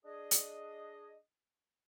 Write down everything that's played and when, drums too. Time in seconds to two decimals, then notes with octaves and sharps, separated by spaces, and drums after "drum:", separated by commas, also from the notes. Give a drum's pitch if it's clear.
0.05 D4 G#4 D#5
0.31 drum: hi-hat